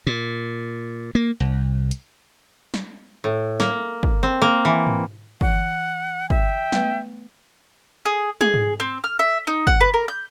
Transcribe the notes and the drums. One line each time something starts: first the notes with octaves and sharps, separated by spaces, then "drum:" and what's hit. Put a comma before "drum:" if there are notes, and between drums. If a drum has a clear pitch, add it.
A#2
A#3
C2
drum: hi-hat
drum: snare
A2
A#3, drum: snare
drum: kick
C4
A#3
E3
drum: tom G#2
E3 F#5, drum: kick
E5 G5, drum: kick
A3 B3 B4, drum: snare
G#4
G#4, drum: tom
drum: tom G#2
C4
F6
E5
D#4
F#5, drum: kick
B4
A#4
G6